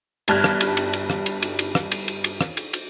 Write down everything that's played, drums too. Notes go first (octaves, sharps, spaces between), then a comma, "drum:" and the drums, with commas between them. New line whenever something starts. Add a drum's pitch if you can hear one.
G1 G3 A5 F6 F#6 G#6, drum: cymbal
drum: rim click
drum: cymbal
drum: cymbal
drum: cymbal
drum: rim click
drum: cymbal
drum: cymbal
drum: cymbal
drum: rim click
drum: cymbal
drum: cymbal
drum: cymbal
drum: rim click
drum: cymbal
drum: cymbal